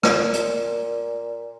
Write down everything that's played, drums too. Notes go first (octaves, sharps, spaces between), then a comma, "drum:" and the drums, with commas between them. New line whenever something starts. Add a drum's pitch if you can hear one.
A#2, drum: rim click
drum: hi-hat